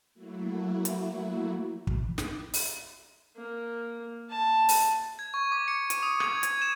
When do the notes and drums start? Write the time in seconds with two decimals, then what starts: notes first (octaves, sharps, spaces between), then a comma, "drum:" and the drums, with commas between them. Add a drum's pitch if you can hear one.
0.14 F#3 A3 A#3 E4 F#4
0.85 drum: hi-hat
1.87 drum: kick
2.18 drum: snare
2.54 drum: open hi-hat
3.36 A#3
4.30 A5
4.69 drum: open hi-hat
5.19 G#6
5.34 C#6
5.52 D6
5.68 C#7
5.90 D#7, drum: hi-hat
6.03 D#6
6.20 G#6, drum: rim click
6.43 G#6, drum: hi-hat
6.62 E7